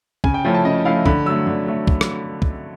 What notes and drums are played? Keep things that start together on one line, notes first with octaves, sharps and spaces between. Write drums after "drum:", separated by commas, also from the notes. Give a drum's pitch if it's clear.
C#3 G#5, drum: kick
G5
F3 A3 C#4 E4
A5
C#3 D#5
F3 A3 C#4 E4 F5
D3 B5, drum: kick
F#3 A3 E6
D3
F#3 A3
drum: kick
drum: rim click
drum: kick